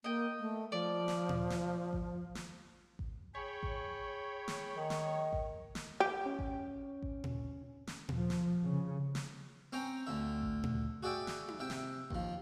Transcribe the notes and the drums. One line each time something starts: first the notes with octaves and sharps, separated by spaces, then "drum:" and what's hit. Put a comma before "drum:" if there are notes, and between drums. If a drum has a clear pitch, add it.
A#3 D#5 G5
A3
F3 D5
drum: snare
drum: tom A#2
drum: snare
drum: kick A1
drum: snare
drum: kick A1
G#4 C#5 G5 B5
drum: kick A1
drum: snare
D#3 D#5
drum: snare
drum: kick A1
drum: snare
G4
C#4
drum: kick A1
drum: kick A1
drum: tom A#2
drum: snare
F3, drum: tom A#2
drum: snare
C#3
drum: snare
C4 C#4 C5 G5 A#5
D2 D3 E5
drum: kick A1
drum: tom A#2
F#4 G#4 D5 E5 G5
drum: snare
drum: tom D#4
C3 E5 G5
drum: snare
D#2 F3, drum: kick A1